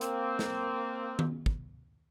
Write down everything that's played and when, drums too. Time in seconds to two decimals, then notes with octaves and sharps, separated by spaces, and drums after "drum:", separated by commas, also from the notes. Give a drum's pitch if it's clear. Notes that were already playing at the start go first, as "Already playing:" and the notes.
0.01 A#3 C4, drum: hi-hat
0.39 drum: snare
1.19 drum: tom
1.46 drum: kick